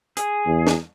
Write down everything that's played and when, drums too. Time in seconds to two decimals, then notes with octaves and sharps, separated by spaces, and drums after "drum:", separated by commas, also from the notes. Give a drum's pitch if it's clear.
0.17 G#4, drum: hi-hat
0.46 E2
0.67 drum: snare